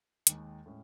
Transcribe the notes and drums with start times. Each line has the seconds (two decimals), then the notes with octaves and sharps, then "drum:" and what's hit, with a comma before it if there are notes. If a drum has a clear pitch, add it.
0.27 D#2 D#3 G#3, drum: hi-hat
0.66 A2 G#3 C#4